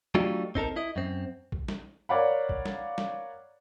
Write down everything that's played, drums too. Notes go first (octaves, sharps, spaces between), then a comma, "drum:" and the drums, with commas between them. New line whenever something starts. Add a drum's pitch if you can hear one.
F#3 A3 D4 D#4 F4 G4
C4 D#4 A4 A#4, drum: kick
E4 D#5
F#2 C4
drum: kick
drum: snare
A#4 C#5 D5 F5 F#5 B5
drum: kick
drum: snare
drum: snare